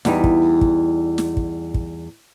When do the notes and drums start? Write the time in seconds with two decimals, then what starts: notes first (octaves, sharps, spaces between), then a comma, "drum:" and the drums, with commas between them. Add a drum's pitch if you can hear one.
0.05 E2 G3 D#4, drum: snare
0.24 drum: kick
0.61 drum: kick
1.18 drum: snare
1.37 drum: kick
1.74 drum: kick